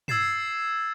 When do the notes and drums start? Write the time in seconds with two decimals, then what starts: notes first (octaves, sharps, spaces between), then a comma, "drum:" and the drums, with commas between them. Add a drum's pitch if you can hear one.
0.08 E6 G#6 A6 C7 E7, drum: tom